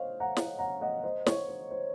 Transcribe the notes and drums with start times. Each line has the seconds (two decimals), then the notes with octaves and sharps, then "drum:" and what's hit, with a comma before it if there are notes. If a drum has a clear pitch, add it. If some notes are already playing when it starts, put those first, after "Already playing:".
Already playing: C5 C#5 D#5 F5
0.20 F#5 A#5
0.37 drum: snare
0.59 F#5 A#5
0.81 D#5 F#5
1.03 C5 D#5
1.26 C#5, drum: snare
1.48 C5
1.71 C5